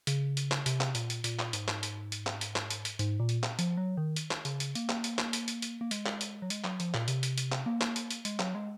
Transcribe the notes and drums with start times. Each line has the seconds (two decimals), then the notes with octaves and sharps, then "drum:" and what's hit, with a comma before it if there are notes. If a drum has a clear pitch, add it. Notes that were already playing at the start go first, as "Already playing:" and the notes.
0.07 C#3, drum: hi-hat
0.37 drum: hi-hat
0.52 drum: clap
0.66 C3, drum: hi-hat
0.81 drum: clap
0.95 A#2, drum: hi-hat
1.10 drum: hi-hat
1.24 A#2, drum: hi-hat
1.39 drum: clap
1.53 G#2, drum: hi-hat
1.68 drum: clap
1.83 drum: hi-hat
2.12 drum: hi-hat
2.27 drum: clap
2.41 drum: hi-hat
2.56 drum: clap
2.70 drum: hi-hat
2.85 drum: hi-hat
2.99 G#2, drum: hi-hat
3.20 A#2
3.29 drum: hi-hat
3.43 drum: clap
3.59 F3, drum: hi-hat
3.77 F#3
3.97 D#3
4.16 drum: hi-hat
4.31 drum: clap
4.45 C#3, drum: hi-hat
4.60 drum: hi-hat
4.75 A#3, drum: hi-hat
4.89 drum: clap
5.04 drum: hi-hat
5.19 drum: clap
5.33 drum: hi-hat
5.48 drum: hi-hat
5.62 drum: hi-hat
5.81 A#3
5.91 G#3, drum: hi-hat
6.06 drum: clap
6.21 drum: hi-hat
6.42 F#3
6.50 G#3, drum: hi-hat
6.64 F#3, drum: clap
6.80 F3, drum: hi-hat
6.94 A#2, drum: clap
7.08 C3, drum: hi-hat
7.23 drum: hi-hat
7.38 drum: hi-hat
7.52 drum: clap
7.66 A#3
7.81 drum: clap
7.96 drum: hi-hat
8.11 drum: hi-hat
8.25 G#3, drum: hi-hat
8.40 F#3, drum: clap
8.55 G#3